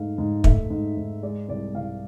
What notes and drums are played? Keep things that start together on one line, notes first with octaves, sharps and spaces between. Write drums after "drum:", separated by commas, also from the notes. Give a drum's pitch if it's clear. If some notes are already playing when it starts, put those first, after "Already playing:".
Already playing: G#2 A3 F5
G#2
A3 E5, drum: kick
G#2
G#2
G#3 D5
C2 D5
C2 F5